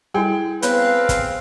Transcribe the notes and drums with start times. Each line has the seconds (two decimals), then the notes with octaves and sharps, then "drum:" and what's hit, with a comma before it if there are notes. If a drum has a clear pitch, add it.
0.14 G3 E4 G#4 A4 G5
0.62 B3 C4 B4 C#5 F5 B5, drum: hi-hat
1.09 drum: kick, hi-hat